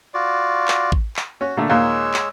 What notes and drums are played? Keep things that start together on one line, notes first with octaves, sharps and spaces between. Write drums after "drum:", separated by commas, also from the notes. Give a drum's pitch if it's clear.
F4 F#4 D5
drum: clap
drum: kick A1
drum: clap
C#4 F#4
A#2 D3 A3
D#2 A#2 G#3 C#5 E6
drum: clap